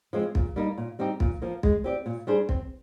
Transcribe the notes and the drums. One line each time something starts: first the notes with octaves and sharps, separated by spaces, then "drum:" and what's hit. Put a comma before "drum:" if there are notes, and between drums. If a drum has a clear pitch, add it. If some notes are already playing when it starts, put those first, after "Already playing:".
F3 G#3 C4
A#2, drum: kick
G3 A#3 D#4
A#2
G3 C4 D#4 G4
A#2, drum: kick
F3 A#3
G#3, drum: kick
C4 G4 D5
A#2
G3 D4 G#4 C5
C4, drum: kick